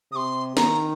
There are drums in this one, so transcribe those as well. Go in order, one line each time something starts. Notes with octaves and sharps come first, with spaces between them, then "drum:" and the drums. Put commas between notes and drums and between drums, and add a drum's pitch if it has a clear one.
C3 C6 D#6
D#3 A#5, drum: snare